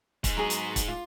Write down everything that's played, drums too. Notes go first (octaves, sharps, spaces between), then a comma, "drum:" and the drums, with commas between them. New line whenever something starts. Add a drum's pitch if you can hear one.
G#2, drum: kick, hi-hat
F#3 B3 G#4
drum: hi-hat
drum: kick, hi-hat
F4